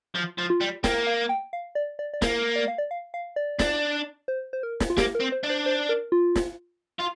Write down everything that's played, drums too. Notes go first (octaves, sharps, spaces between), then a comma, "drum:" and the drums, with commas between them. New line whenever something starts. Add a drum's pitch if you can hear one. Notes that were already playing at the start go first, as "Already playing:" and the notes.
F3
F3
F4
G3
A#3 G5, drum: snare
F5
G5
F5
D5
D5
D5
A#3 F5, drum: snare
D5
F5
D5
F5
F5
D5
D4, drum: snare
C5
C5
A#4
drum: snare
F4
A#3 G4, drum: snare
A#4
C4
C5
D4
C5
C5
A#4
F4
drum: snare
F4